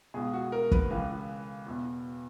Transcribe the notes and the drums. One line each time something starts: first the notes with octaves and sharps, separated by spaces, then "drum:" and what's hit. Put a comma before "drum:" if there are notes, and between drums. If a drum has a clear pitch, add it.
C#2 B2 G#4
F#4
A#4
B4, drum: kick
C#2 C#3 E3
E2 B2